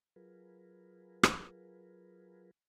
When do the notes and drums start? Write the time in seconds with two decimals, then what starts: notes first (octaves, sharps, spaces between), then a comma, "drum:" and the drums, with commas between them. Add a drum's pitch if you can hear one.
0.16 F#3 F4 G#4 A#4 B4
1.23 drum: rim click